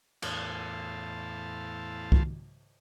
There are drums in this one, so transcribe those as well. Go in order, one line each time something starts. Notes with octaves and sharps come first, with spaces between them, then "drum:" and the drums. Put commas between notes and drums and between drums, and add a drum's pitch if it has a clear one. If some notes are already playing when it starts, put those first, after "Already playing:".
E2 A2 C5 F5 A5, drum: cymbal
drum: kick